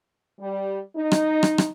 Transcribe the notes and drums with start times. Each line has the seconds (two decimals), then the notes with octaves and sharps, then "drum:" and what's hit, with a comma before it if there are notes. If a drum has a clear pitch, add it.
0.40 G3
0.96 D#4
1.12 drum: rim click
1.43 drum: rim click
1.58 drum: rim click